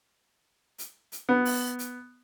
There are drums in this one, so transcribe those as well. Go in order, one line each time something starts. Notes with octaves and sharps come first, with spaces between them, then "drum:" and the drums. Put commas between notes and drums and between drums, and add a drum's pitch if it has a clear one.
drum: hi-hat
drum: hi-hat
B3
drum: open hi-hat
drum: hi-hat